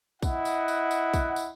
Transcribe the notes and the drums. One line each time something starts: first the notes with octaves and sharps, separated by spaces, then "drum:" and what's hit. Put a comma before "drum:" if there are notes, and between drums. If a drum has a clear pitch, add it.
E4 D#5 F#5, drum: kick A#1, tambourine
drum: tambourine
drum: tambourine
drum: tambourine
drum: kick A#1, tambourine
drum: tambourine